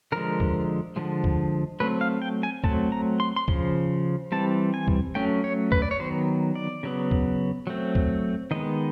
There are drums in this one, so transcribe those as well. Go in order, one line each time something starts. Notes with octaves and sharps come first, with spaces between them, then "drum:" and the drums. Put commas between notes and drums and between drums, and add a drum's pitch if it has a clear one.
D3 F3 G#3 A#4
drum: kick C#2
D3 F3 G#3
drum: kick C#2
F#3 A3 C4 B4
F5
G5
G#5
F#3 A3 C4 A5, drum: kick C#2
A#5
C6
C6
C#3 F3, drum: kick C#2
E3 G3 C4 A5
G#5
drum: kick C#2
F#3 A3 C#4 G5
C#5
B4, drum: kick C#2
D5
C#5
D#3 F#3 B3 C5
D5
C#3 F#3 B3
drum: kick C#2
F#3 A3 C4
drum: kick C#2
D#3 G#3 B3 D#5